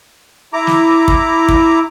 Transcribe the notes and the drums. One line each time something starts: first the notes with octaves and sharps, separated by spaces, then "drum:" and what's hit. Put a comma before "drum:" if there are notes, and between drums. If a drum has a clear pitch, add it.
E4 A#5 D6
drum: snare
drum: kick
drum: kick